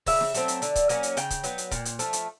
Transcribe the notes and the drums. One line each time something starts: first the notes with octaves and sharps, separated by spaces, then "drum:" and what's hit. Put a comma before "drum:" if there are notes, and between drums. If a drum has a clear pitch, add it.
C#3 E5, drum: kick C#1, open hi-hat
drum: snare
F#3 A3 C4, drum: hi-hat
drum: hi-hat
D3, drum: hi-hat
drum: kick C#1, hi-hat
F#3 A#3 C#4, drum: hi-hat
drum: hi-hat
C#3 G5, drum: hi-hat
drum: kick C#1, hi-hat
F#3 B3, drum: hi-hat
drum: hi-hat
A#2, drum: kick C#1, hi-hat
drum: hi-hat
F3 A3, drum: hi-hat
drum: hi-hat